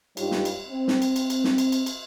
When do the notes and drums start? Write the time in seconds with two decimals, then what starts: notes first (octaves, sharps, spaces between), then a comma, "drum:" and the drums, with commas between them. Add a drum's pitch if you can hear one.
0.17 G2 G3 D#4 F4 G4 C#5, drum: cymbal
0.31 drum: snare
0.45 drum: cymbal
0.69 C4
0.88 drum: snare
1.02 drum: cymbal
1.16 drum: cymbal
1.30 drum: cymbal
1.44 drum: snare
1.58 drum: cymbal
1.72 drum: cymbal
1.86 drum: cymbal